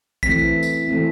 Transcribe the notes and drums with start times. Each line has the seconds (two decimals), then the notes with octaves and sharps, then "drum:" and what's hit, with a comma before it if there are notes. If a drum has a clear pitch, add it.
0.23 E3 A3 C4 B6, drum: kick A#1
0.63 drum: tambourine
0.88 E3 A3 C4